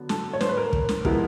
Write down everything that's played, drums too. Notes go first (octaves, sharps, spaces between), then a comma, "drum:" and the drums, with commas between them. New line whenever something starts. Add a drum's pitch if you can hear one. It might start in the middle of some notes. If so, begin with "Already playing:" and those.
Already playing: D3 F#3 B3
A4, drum: snare
C#5
C5, drum: snare
B4
A#4
drum: kick
drum: snare
F3 G#3 B3 E4 A#4, drum: kick